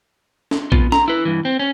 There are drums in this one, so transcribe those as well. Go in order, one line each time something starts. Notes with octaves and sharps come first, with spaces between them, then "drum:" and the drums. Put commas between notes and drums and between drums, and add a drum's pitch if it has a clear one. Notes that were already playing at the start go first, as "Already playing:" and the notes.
drum: snare
B3 F4, drum: kick A#1
A#5, drum: snare
E4 B4
G2 E3
C4
C#4